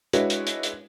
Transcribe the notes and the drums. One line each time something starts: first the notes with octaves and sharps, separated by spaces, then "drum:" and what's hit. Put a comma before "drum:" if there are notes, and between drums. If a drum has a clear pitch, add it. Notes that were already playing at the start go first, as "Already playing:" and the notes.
G#3 D4 E4 F#4 B4 C#5, drum: hi-hat
drum: hi-hat
drum: hi-hat
drum: hi-hat